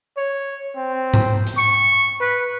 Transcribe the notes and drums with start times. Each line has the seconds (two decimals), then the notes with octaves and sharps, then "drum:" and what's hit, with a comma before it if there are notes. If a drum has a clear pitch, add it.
0.17 C#5
0.76 C4
1.14 drum: tom G#2
1.47 drum: hi-hat
1.57 C#6
2.20 B4